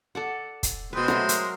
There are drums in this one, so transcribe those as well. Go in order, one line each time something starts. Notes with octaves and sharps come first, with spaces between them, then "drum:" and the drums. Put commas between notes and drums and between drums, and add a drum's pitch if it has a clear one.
A4 D5 F#5
drum: kick, hi-hat
B2 G#3 C4 B4
F#3 A3 C6, drum: rim click
A#4, drum: hi-hat